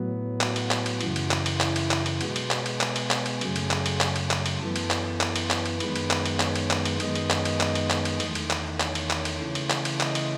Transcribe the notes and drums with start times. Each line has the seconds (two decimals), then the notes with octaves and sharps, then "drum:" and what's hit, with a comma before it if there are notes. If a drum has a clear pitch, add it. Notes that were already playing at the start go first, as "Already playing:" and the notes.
Already playing: A2 F#3 B3
0.41 F#4, drum: clap
0.56 drum: cymbal
0.71 drum: clap
0.86 drum: cymbal
1.01 F#2 C#3 E3, drum: cymbal
1.16 drum: cymbal
1.31 drum: clap
1.46 drum: cymbal
1.61 E4, drum: clap
1.76 drum: cymbal
1.91 drum: clap
2.06 drum: cymbal
2.21 B2 G#3 B3 F#4, drum: cymbal
2.36 drum: cymbal
2.51 drum: clap
2.66 drum: cymbal
2.81 G#4, drum: clap
2.96 drum: cymbal
3.11 drum: clap
3.26 drum: cymbal
3.41 F#2 C#3 F#3 A3, drum: cymbal
3.56 drum: cymbal
3.71 drum: clap
3.86 drum: cymbal
4.01 drum: clap
4.16 drum: cymbal
4.31 drum: clap
4.46 drum: cymbal
4.60 F#2 E3 B3 A4
4.76 drum: cymbal
4.91 drum: clap
5.21 drum: clap
5.36 drum: cymbal
5.51 drum: clap
5.66 drum: cymbal
5.80 F#2 D#3 G#3 B3 B4, drum: cymbal
5.96 drum: cymbal
6.11 drum: clap
6.26 drum: cymbal
6.40 C#5, drum: clap
6.55 drum: cymbal
6.70 drum: clap
6.85 drum: cymbal
7.00 F#2 D#3 G#3 B3 D#5, drum: cymbal
7.15 drum: cymbal
7.30 drum: clap
7.45 drum: cymbal
7.60 drum: clap
7.75 drum: cymbal
7.90 drum: clap
8.05 drum: cymbal
8.20 E2 D#3 A3, drum: cymbal
8.35 drum: cymbal
8.50 drum: clap
8.80 C#5, drum: clap
8.95 drum: cymbal
9.10 drum: clap
9.25 drum: cymbal
9.40 C#3 E3 A3
9.55 drum: cymbal
9.70 drum: clap
9.85 drum: cymbal
10.00 D#5, drum: clap
10.15 drum: cymbal